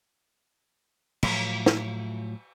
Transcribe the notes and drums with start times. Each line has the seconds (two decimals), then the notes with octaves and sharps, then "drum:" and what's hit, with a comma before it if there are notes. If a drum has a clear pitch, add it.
1.23 A2 F3 F#3, drum: cymbal
1.66 drum: snare